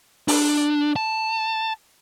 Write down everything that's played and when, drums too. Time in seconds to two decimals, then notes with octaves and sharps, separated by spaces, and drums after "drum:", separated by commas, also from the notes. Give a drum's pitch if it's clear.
0.28 D4, drum: open hi-hat
0.96 A5